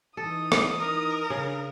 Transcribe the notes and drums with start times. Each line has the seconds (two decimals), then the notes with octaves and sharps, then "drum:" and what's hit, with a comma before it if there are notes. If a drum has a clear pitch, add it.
0.17 E3 D#4 A4 D#6
0.52 drum: rim click
0.80 A#4
1.30 C#3 D4 F6